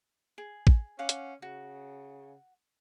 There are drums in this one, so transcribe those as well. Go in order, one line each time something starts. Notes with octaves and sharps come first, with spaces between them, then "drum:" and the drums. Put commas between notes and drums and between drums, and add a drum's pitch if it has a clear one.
G#4
drum: kick A1
C#4 F5 F#5 D6
drum: hi-hat
C#3 F#4